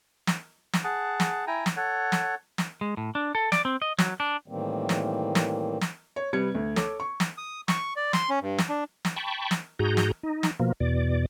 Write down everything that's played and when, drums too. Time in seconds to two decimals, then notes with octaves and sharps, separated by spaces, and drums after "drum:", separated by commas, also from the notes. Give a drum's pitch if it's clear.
0.27 drum: snare
0.73 drum: snare
0.84 G#4 F#5 A5
1.20 drum: snare
1.47 E4 G5 G#5 A#5
1.66 drum: snare
1.77 A4 C#5 F#5
2.12 drum: snare
2.58 drum: snare
2.81 G#3
2.97 A2
3.15 D4
3.35 A4
3.52 D5, drum: snare
3.65 C4
3.82 D#5
3.98 F#3, drum: snare
4.20 D4
4.48 A2 D#3 E3 G3 A#3 C4
4.89 drum: snare
5.35 drum: snare
5.81 drum: snare
6.16 C#5
6.33 C3 G3 B4 G#6 C#7
6.55 D2
6.76 A4 C#5 D6, drum: snare
7.00 C#6
7.20 drum: snare
7.38 D#6
7.68 C#6, drum: snare
7.96 D5
8.13 C6, drum: snare
8.30 C#4
8.41 G2
8.58 drum: snare
8.69 D4
9.05 drum: snare
9.16 G5 A5 B5 C#6
9.51 drum: snare
9.79 G#2 F#4 G#4 A#5 G6
9.97 drum: snare
10.23 D#4
10.43 drum: snare
10.60 B2 F3 A#3
10.80 E2 B2 D5